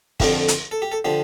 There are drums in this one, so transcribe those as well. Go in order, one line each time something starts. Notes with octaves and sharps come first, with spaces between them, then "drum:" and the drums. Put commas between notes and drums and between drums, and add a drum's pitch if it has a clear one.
F2 D3 F3 G4, drum: kick, open hi-hat
drum: hi-hat
A4
G4
A4
D3 F3 G4